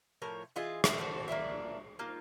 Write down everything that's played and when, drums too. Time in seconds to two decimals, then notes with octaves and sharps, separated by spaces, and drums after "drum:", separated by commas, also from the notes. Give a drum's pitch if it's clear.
0.22 A2 F3 A#4 C#5
0.56 E3 F4 G#4 D#5
0.84 D3 D#3 E4, drum: rim click
0.98 A3 A#3 F#4 C5
1.28 A#3 D4 F4 E5
1.99 A#3 D#4 F4